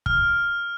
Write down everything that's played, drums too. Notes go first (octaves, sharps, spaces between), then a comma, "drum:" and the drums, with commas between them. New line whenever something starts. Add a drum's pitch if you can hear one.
F6, drum: kick